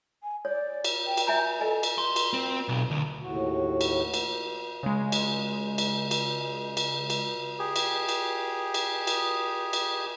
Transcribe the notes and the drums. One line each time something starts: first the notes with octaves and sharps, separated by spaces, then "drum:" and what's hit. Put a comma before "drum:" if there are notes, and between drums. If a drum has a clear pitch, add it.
G#5
C#5 D5
drum: cymbal
G5
drum: cymbal
E5 G#5 A#5 G6
A4 D#5 G#5
drum: cymbal
C6
drum: cymbal
C4
B1
D2
D#2 A2 F#4
drum: cymbal
drum: cymbal
C#3 G#3
drum: cymbal
drum: cymbal
drum: cymbal
drum: cymbal
drum: cymbal
G4 G#4
drum: cymbal
drum: cymbal
drum: cymbal
drum: cymbal
drum: cymbal